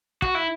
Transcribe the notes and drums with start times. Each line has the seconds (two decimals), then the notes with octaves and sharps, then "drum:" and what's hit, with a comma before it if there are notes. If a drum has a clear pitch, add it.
0.22 F#4, drum: kick
0.35 E4